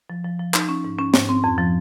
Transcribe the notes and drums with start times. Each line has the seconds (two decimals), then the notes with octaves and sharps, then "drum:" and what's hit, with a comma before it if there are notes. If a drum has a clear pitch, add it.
0.10 F3
0.24 F3
0.39 F3
0.54 D#4, drum: clap
0.69 C#4
0.84 G#2
0.99 C#4
1.14 G#2, drum: snare
1.29 C4
1.44 F2
1.58 F3